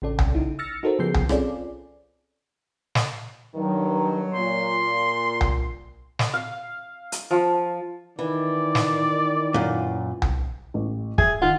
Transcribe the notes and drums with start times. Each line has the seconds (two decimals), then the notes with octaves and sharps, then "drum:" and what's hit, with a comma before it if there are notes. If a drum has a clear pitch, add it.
0.02 A1 C#3 C#4 A4 D5
0.19 drum: tom C2
0.35 C#3 D#4 E4
0.59 E6 F6 A6 A#6 C#7
0.83 D#4 F#4 A4 A#4 C5
0.99 C#3 F3 B3 G#4 G6 C7
1.14 drum: tom C2
1.29 C4 C#4 F4 G#4 A4 D5, drum: rim click
2.95 drum: snare
3.55 G2 D#3 F#3
4.34 A#2 C6
5.41 drum: tom C2
6.19 drum: snare
6.34 F5
7.12 drum: hi-hat
7.31 F3
8.19 D#3 E3 D5
8.75 drum: snare
9.54 F#2 A#2
10.22 drum: tom C2
10.74 A1
11.18 G#4 E5, drum: kick
11.42 D#3 F4 F#5